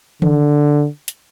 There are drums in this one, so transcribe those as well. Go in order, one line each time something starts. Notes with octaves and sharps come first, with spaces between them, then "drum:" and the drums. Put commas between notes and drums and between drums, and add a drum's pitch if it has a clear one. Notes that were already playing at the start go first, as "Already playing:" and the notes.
D3, drum: tom D#3
drum: hi-hat